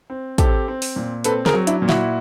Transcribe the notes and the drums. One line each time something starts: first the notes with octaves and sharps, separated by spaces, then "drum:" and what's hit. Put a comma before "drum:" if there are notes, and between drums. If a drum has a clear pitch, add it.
C4
C4 G4 A4, drum: kick, hi-hat
C4
drum: open hi-hat
A#2
C4 A4 B4, drum: hi-hat
G#4 A#4, drum: snare
F#3
D4 E4, drum: hi-hat
A#2
E4 F#4, drum: snare